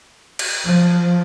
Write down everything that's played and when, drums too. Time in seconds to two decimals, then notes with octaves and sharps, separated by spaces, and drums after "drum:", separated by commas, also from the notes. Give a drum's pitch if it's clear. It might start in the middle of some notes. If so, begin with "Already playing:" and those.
0.39 drum: cymbal
0.66 F3